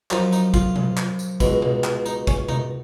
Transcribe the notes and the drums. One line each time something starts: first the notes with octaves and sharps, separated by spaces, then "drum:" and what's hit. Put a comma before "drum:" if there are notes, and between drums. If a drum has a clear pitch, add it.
F#2 F3 D#4, drum: clap
D#4, drum: tambourine
F4, drum: kick, tambourine
drum: tom B2
drum: clap
drum: tambourine
C#2 B2, drum: kick, tambourine
drum: tom B2
drum: clap
D#4, drum: tambourine
C#4, drum: kick, tambourine
D#4, drum: tom B2